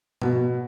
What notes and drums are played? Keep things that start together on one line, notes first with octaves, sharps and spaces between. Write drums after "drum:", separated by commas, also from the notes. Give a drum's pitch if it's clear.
B2, drum: tom